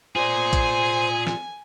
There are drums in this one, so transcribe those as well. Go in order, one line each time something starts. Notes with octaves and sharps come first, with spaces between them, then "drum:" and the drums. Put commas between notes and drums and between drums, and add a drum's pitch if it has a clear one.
F4 G#4 C5 D5 G#5
drum: kick, hi-hat
drum: snare